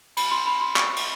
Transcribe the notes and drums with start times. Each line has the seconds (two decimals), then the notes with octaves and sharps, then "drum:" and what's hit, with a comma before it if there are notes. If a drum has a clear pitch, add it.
0.17 B5, drum: cymbal
0.31 C6
0.47 B5
0.61 C6
0.76 C#6, drum: clap
0.96 drum: cymbal